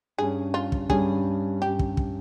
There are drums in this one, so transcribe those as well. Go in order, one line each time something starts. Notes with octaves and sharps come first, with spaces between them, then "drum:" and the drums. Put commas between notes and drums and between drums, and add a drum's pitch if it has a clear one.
G2 G3 C#4 G#4
F4
drum: kick
G2 G3 C#4 G#4, drum: kick
G2 G3 C#4 G4
drum: kick
drum: kick